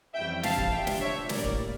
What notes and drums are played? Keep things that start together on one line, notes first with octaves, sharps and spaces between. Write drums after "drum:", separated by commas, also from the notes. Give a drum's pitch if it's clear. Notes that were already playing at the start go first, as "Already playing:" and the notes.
F2 E3 G3 C#4 E4 E5 G5
F5 A5, drum: snare
drum: kick
A#2 G3 D4 F4 E5 G5
drum: snare
C#5 E5
A2 G3 A#3 A#4 D5, drum: snare
drum: kick